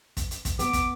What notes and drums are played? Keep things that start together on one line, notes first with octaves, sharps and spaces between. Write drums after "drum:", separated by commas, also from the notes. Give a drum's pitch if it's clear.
drum: kick, hi-hat
drum: hi-hat
drum: kick, hi-hat
B3 D6, drum: hi-hat
drum: kick, hi-hat